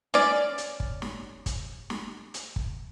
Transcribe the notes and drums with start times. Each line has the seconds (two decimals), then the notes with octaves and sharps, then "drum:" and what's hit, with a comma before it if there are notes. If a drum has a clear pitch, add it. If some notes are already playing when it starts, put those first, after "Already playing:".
0.14 C#4 D5, drum: snare
0.58 drum: hi-hat
0.80 drum: kick
1.02 drum: snare
1.46 drum: kick, hi-hat
1.90 drum: snare
2.34 drum: hi-hat
2.56 drum: kick